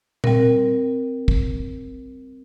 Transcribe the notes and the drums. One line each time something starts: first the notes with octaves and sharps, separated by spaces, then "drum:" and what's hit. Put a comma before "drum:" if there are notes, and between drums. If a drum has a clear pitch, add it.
G3 C4 A#4, drum: tom A#2
drum: kick